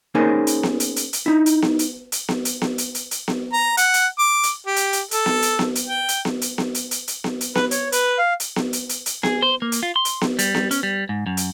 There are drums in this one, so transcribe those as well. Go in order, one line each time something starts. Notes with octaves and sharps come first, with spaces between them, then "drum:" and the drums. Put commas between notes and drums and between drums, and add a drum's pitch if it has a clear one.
A#3 C#4 D#4 G#4 A#4 C5
drum: hi-hat
drum: snare B3
drum: hi-hat
drum: hi-hat
drum: hi-hat
D#4 E4
drum: hi-hat
drum: snare B3
drum: hi-hat
drum: hi-hat
drum: snare B3
drum: hi-hat
drum: snare B3
drum: hi-hat
drum: hi-hat
drum: hi-hat
drum: snare B3
A#5
F#5, drum: hi-hat
drum: hi-hat
D6
drum: hi-hat
G4
drum: hi-hat
drum: hi-hat
A4, drum: hi-hat
drum: snare B3
drum: hi-hat
drum: snare B3
drum: hi-hat
G5
drum: hi-hat
drum: snare B3
drum: hi-hat
drum: snare B3
drum: hi-hat
drum: hi-hat
drum: hi-hat
drum: snare B3
drum: hi-hat
B4, drum: snare B3
C#5, drum: hi-hat
B4, drum: hi-hat
F5
drum: hi-hat
drum: snare B3
drum: hi-hat
drum: hi-hat
drum: hi-hat
G#4, drum: snare B3
C5
A#3
drum: hi-hat
F4
C6
drum: hi-hat
drum: snare B3
G3, drum: hi-hat
drum: snare B3
C#4, drum: hi-hat
G3
G#2
F#2
drum: hi-hat